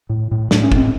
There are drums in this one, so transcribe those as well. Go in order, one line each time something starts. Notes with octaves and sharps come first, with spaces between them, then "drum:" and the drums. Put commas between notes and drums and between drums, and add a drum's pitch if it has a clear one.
A2
A2
A2 D4, drum: snare
C#4
A2 C4, drum: kick